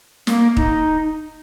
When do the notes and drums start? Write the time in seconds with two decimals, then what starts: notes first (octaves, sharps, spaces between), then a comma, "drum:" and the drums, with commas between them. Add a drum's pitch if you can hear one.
0.27 A#3, drum: snare
0.57 D#4, drum: kick